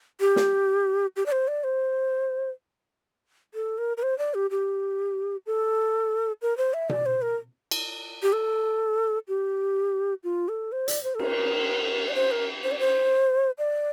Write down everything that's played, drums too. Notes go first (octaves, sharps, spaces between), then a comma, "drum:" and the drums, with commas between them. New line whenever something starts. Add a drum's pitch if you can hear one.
G4
drum: snare
G4
D5
C5
D5
C5
A4
A#4
A#4
C5
D5
G4
G4
A4
A#4
C5
E5
D5, drum: tom B2
C5
A#4
drum: cymbal
G4
A4
G4
F4
A4
C5
D5, drum: hi-hat
C5
A4
A#4, drum: cymbal
D5
C5
A#4
C5
D5
C5
D5